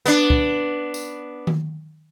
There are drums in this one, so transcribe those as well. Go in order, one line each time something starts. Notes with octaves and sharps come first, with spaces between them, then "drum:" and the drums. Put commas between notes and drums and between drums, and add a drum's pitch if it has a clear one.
B3 D4, drum: hi-hat
drum: kick
drum: tambourine
drum: tom D#3